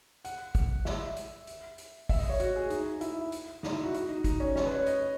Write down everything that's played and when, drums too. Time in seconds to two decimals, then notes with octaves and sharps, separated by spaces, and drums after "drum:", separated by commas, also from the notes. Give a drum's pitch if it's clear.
0.25 F#5, drum: hi-hat
0.55 drum: kick, hi-hat
0.85 E5, drum: snare
1.16 drum: hi-hat
1.47 drum: hi-hat
1.78 drum: hi-hat
2.09 E5, drum: kick, open hi-hat
2.19 D#5
2.30 C#5
2.40 F#4, drum: hi-hat
2.56 G#4
2.70 D#4, drum: hi-hat
3.01 E4, drum: hi-hat
3.32 drum: hi-hat
3.63 D#4, drum: snare
3.73 E4
3.84 F#4
3.94 F#4, drum: hi-hat
4.09 D#4
4.24 D#4, drum: kick, hi-hat
4.40 C#4
4.56 C#4, drum: snare
4.65 B4
4.75 C#5
4.86 D#5, drum: hi-hat